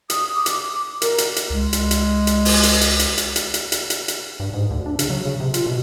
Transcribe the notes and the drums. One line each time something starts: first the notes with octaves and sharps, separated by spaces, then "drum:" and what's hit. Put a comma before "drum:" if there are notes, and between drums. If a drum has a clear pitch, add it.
D#6, drum: hi-hat
D6
drum: hi-hat
A#4, drum: hi-hat
drum: hi-hat
drum: hi-hat
C#2 G#3
drum: hi-hat
drum: hi-hat
drum: hi-hat
drum: open hi-hat
drum: hi-hat
drum: hi-hat
drum: hi-hat
drum: hi-hat
drum: hi-hat
drum: hi-hat
drum: hi-hat
drum: hi-hat
drum: hi-hat
G2
G#2
D2
D4
C#3, drum: hi-hat
F#3
C#3
C3
F4, drum: hi-hat
B2